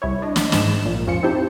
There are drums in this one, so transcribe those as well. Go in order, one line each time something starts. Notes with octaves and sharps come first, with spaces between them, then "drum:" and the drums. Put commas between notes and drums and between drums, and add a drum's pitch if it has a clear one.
C2 E4 C#5
D4 D#5
drum: snare
G#2 E7, drum: snare
A#1 A#2
F2 F3 C#4 F4 C#7
C4 D#4 E4 G4 C5 A5